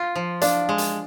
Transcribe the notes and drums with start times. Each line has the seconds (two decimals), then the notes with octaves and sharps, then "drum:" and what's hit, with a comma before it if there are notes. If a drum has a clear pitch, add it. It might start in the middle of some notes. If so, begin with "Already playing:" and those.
Already playing: F4
0.15 F3
0.41 D4 D5 F5, drum: hi-hat
0.69 G#3
0.78 drum: hi-hat